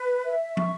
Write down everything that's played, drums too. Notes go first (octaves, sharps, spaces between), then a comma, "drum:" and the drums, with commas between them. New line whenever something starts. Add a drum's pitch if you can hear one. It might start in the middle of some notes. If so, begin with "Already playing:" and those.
Already playing: B4
E5
C#6, drum: tom